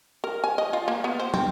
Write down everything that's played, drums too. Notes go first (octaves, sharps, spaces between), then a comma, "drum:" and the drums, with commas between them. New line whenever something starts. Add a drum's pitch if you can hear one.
A#4
G#5
D#5
F4
A#3
B3
C5
C4, drum: tom